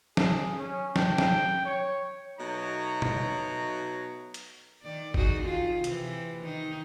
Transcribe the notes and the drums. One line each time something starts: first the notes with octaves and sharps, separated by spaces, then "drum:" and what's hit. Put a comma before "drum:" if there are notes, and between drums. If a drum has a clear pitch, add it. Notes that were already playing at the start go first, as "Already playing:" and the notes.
G#4, drum: snare
C#4
G5, drum: snare
drum: snare
C#5
B2 F#3 A3 D#4 C#5 A#5
drum: tom
drum: hi-hat
D#3 D5
D#4 F#4 G#4, drum: kick
D#3 F4
C3 E3, drum: hi-hat
D#3 D#4